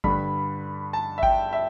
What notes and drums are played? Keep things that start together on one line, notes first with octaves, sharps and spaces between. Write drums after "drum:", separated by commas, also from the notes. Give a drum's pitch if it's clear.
G2 D3 B5, drum: kick G#1
A5
E5
G5, drum: kick G#1
E5